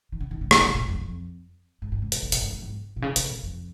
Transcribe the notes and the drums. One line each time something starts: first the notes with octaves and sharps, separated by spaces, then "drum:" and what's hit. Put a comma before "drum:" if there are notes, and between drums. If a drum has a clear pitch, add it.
D#3
C#3
D#3
C#3
G#2, drum: rim click
C#3
A#2
F2
F2
G#2
G#2
C#3
A#2, drum: hi-hat
C#3
A#2, drum: hi-hat
G#2
F2
G#2
A#2
C#3
C#3, drum: hi-hat
A#2
F2